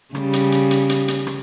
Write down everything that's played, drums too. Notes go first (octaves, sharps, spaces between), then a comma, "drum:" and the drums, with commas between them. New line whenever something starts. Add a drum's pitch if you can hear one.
C#3 G3, drum: rim click
drum: hi-hat
drum: hi-hat
drum: hi-hat
drum: hi-hat
drum: hi-hat
drum: rim click